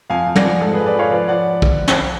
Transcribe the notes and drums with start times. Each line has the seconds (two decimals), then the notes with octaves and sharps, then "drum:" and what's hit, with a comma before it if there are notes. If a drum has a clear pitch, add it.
0.10 F2 F5 G#5
0.26 F2
0.36 D5 F#5, drum: tom
0.44 F3
0.61 G#2 A4
0.73 G#4 B4
0.78 F3
0.86 B4 D5
0.95 F3 C#5 F5
1.11 F3 B4 D5
1.28 F3 D5 F#5
1.62 drum: kick
1.88 drum: snare